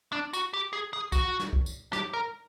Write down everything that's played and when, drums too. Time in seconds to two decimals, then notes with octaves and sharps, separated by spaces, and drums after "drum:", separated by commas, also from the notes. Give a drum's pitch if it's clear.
0.12 D4
0.33 F#4, drum: tambourine
0.53 G4
0.73 G#4
0.93 G#4
1.12 F#4, drum: kick B1, tambourine
1.40 drum: snare
1.53 drum: kick B1
1.66 drum: tambourine
1.93 G4, drum: snare
2.13 A#4